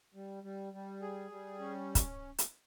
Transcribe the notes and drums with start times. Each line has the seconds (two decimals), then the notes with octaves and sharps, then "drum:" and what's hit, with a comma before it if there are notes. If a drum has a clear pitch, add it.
0.14 G3
0.43 G3
0.73 G3
1.02 G#4
1.31 G3
1.59 C#4
1.95 drum: kick, hi-hat
2.38 drum: hi-hat